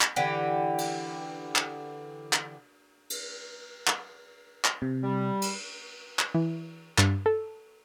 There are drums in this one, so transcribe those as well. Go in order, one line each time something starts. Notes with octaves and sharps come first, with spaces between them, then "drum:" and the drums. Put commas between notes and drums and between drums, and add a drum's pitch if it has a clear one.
drum: clap
D3 E3 G4
drum: cymbal
drum: clap
drum: clap
drum: cymbal
drum: clap
drum: clap
C3
G3
drum: cymbal
drum: clap
E3
G2, drum: clap
A4